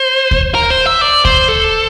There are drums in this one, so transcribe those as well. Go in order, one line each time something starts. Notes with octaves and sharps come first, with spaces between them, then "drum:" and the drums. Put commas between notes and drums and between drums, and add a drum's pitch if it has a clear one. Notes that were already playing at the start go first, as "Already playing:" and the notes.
Already playing: C5
drum: kick D2
A#4
C5
E5
D5
C5, drum: kick D2
A4